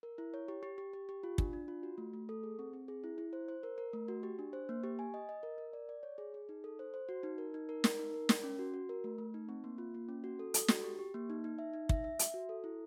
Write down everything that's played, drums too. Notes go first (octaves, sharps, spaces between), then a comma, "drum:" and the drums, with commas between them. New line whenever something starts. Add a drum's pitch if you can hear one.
A#4
E4
C#5
G4
G4
G4
G4
G4
F4
D4, drum: kick
D4
F4
F#4
A3
A3
A4
G#4
C4
C4
G#4
E4
E4
C5
C5
A#4
A#4
A3
F#4
G4
D4
C5
A#3
G4
G#5
D#5
D#5
A#4
A#4
D5
D5
C#5
G#4
G#4
D#4
A4
C5
C5
F#4
D#4
A#4
D#4
A#4
A#4, drum: snare
D#4
A#4
A#4, drum: snare
C#4
F#4
F#4
A#4
A3
A3
D#4
C4
A#3
F4
A#3
C#4
F#4
A4
A4, drum: hi-hat
F#4, drum: snare
G4
G4
A#3
D#4
D#4
E5
D#4
E5, drum: kick
E5
E5, drum: hi-hat
F#4
A4
E4